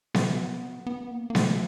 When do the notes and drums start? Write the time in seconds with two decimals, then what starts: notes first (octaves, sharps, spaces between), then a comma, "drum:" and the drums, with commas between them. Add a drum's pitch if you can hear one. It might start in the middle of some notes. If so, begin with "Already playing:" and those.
0.14 B3, drum: snare B3
0.87 B3
1.11 A#3
1.30 A#3
1.35 A3, drum: snare B3